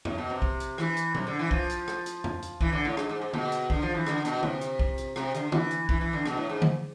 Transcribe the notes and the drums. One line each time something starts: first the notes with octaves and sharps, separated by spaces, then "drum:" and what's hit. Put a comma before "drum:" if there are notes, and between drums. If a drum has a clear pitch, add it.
A2, drum: tom E2
B2
C3
drum: kick
drum: hi-hat
E3, drum: rim click
drum: hi-hat
C3, drum: tom A#2
D3
E3
F3, drum: kick
drum: hi-hat
drum: rim click
drum: hi-hat
drum: tom E2
drum: hi-hat
E3, drum: kick
D3
A2
G#2, drum: rim click
G#2
G#2
B2, drum: tom
drum: hi-hat
D3, drum: kick
F3
E3
D3, drum: rim click
B2, drum: hi-hat
C3, drum: tom
drum: hi-hat
drum: kick
drum: hi-hat
C3, drum: rim click
D3, drum: hi-hat
E3, drum: tom
drum: hi-hat
E3, drum: kick
E3
D3
B2, drum: rim click
A2
G#2
drum: tom D3